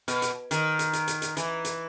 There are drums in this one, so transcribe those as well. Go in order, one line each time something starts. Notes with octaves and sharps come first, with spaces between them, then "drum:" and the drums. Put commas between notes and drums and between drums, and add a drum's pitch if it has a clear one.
B2, drum: hi-hat
drum: hi-hat
D#3, drum: hi-hat
drum: hi-hat
drum: hi-hat
drum: hi-hat
drum: hi-hat
E3, drum: hi-hat
drum: hi-hat